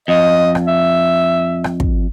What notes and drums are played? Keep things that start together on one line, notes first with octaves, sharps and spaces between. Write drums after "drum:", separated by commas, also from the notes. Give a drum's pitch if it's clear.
F2 D#5
drum: rim click
E5
drum: rim click
drum: kick